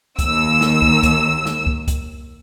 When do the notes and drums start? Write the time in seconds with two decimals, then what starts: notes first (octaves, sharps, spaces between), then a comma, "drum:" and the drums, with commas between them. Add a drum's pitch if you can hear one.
0.19 D#2 E6, drum: kick, hi-hat
0.61 drum: snare
0.82 drum: kick
1.03 drum: kick, hi-hat
1.45 drum: snare
1.67 drum: kick
1.88 drum: kick, hi-hat